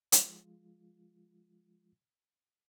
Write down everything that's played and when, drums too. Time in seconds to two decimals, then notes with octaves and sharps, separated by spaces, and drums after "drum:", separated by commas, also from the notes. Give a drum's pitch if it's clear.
0.12 F3 G#3 F4, drum: hi-hat